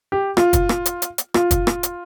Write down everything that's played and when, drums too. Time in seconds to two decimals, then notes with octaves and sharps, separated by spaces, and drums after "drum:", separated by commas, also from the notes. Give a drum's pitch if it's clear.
0.12 G4
0.37 F4, drum: rim click
0.53 drum: kick, hi-hat
0.69 drum: rim click
0.86 drum: hi-hat
1.02 drum: hi-hat
1.18 drum: hi-hat
1.34 F4, drum: rim click
1.51 drum: kick, hi-hat
1.67 drum: rim click
1.83 drum: hi-hat